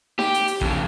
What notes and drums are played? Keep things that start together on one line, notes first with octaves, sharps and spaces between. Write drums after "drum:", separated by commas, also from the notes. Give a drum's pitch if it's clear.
G4, drum: snare D#4
drum: hi-hat
drum: hi-hat
F2 C#3, drum: kick A1